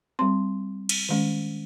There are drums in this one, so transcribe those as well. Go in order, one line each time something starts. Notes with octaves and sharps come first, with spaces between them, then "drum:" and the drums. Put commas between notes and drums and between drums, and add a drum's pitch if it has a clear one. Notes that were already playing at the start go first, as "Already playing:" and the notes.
G3 C4 C6
drum: cymbal
D#3 G#3 C#4